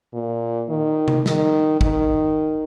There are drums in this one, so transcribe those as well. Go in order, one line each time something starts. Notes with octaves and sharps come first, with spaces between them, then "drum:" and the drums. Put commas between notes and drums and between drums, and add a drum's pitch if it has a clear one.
A#2
D#3
drum: tom C3
D#3, drum: snare
D#3, drum: kick